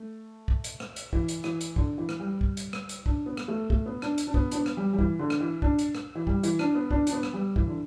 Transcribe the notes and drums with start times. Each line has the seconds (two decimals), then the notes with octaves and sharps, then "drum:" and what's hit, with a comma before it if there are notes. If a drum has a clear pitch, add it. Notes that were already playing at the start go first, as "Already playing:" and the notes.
Already playing: A3
0.48 drum: kick
0.64 drum: hi-hat
0.80 drum: rim click
0.96 drum: hi-hat
1.13 E3, drum: kick
1.28 drum: hi-hat
1.44 E3, drum: rim click
1.61 drum: hi-hat
1.76 D3, drum: kick
1.98 E3
2.09 drum: rim click
2.20 G3
2.41 drum: kick
2.57 drum: hi-hat
2.73 drum: rim click
2.89 drum: hi-hat
3.06 D4, drum: kick
3.26 B3
3.37 drum: rim click
3.48 A3
3.70 A3, drum: kick
3.86 B3
4.02 D4, drum: rim click
4.18 drum: hi-hat
4.27 D4
4.34 B3, drum: kick
4.51 D4, drum: hi-hat
4.55 B3
4.66 drum: rim click
4.77 G3
4.93 G3
4.99 E3, drum: kick
5.19 D3
5.30 drum: rim click
5.40 E3
5.62 D4, drum: kick
5.79 drum: hi-hat
5.95 drum: rim click
6.15 E3
6.27 G3, drum: kick
6.43 E3, drum: hi-hat
6.59 D4, drum: rim click
6.75 B3
6.91 D4, drum: kick
7.07 D4, drum: hi-hat
7.13 B3
7.23 drum: rim click
7.33 G3
7.56 E3, drum: kick
7.67 D3